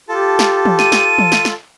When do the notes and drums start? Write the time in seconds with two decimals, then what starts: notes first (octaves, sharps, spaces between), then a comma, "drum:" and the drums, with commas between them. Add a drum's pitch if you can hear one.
0.09 F4 G4 A4 A5
0.39 drum: snare
0.66 drum: tom
0.79 D#7, drum: snare
0.92 drum: snare
1.19 drum: tom
1.32 drum: snare
1.45 drum: snare